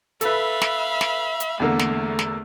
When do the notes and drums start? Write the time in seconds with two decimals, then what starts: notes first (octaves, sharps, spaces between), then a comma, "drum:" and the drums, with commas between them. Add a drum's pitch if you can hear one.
0.21 A4 B4 E5 F5 B5, drum: hi-hat
0.62 drum: snare
1.01 drum: snare
1.40 drum: hi-hat
1.60 E2 D3 A3 A#3
1.79 drum: snare
2.19 drum: snare